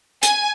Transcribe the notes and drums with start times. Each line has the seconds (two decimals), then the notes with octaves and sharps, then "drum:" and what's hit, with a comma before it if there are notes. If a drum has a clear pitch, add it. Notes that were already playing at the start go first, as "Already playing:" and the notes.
0.23 G#5, drum: hi-hat